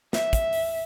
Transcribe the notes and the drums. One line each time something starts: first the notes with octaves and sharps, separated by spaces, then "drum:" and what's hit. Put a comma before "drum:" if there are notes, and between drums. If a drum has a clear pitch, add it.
E5, drum: snare
drum: kick, hi-hat
drum: open hi-hat